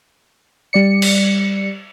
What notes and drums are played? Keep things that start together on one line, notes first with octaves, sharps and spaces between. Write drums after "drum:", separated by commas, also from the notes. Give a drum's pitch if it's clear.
G3 D5 C#7
drum: cymbal